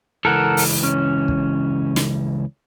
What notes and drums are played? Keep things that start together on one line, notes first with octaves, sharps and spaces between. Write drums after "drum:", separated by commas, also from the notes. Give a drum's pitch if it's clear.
C#2 E3 A4 A#4 F#5
drum: open hi-hat
C#4
drum: kick
drum: snare